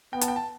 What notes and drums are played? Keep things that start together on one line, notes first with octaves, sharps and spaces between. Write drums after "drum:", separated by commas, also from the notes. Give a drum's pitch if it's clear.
B3 G5
A5, drum: hi-hat
G5
A5